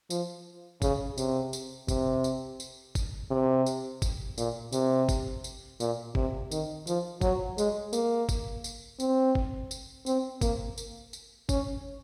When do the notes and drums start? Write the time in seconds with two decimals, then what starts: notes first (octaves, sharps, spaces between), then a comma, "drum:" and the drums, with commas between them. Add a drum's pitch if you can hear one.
0.10 F3, drum: tambourine
0.82 C#3, drum: kick G1, tambourine
1.18 C3, drum: tambourine
1.53 drum: tambourine
1.88 C3, drum: kick G1, tambourine
2.24 drum: tambourine
2.60 drum: tambourine
2.95 drum: kick G1, tambourine
3.30 C3
3.66 drum: tambourine
4.02 drum: kick G1, tambourine
4.38 A#2, drum: tambourine
4.72 C3, drum: tambourine
5.09 drum: kick G1, tambourine
5.44 drum: tambourine
5.80 A#2, drum: tambourine
6.15 C3, drum: kick G1
6.51 D#3, drum: tambourine
6.87 F3, drum: tambourine
7.21 F#3, drum: kick G1, tambourine
7.58 G#3, drum: tambourine
7.93 A#3, drum: tambourine
8.29 drum: kick G1, tambourine
8.64 drum: tambourine
9.00 C4, drum: tambourine
9.35 drum: kick G1
9.71 drum: tambourine
10.06 C4, drum: tambourine
10.41 A#3, drum: kick G1, tambourine
10.78 drum: tambourine
11.13 drum: tambourine
11.49 C#4, drum: kick G1, tambourine